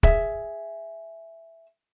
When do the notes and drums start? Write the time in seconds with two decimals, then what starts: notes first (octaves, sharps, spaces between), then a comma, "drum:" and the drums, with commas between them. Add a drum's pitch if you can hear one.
0.03 G#4 E5, drum: kick